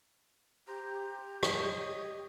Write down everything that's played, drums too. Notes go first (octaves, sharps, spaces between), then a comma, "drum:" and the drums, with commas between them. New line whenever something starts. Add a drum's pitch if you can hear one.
G4 C5 A#5
C#5 D#5, drum: rim click